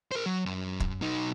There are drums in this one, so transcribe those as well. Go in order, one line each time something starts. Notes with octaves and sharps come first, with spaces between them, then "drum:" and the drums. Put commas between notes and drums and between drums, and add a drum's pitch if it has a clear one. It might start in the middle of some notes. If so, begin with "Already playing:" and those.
A#4 C5
F#3
F#2
drum: kick
B1 D#4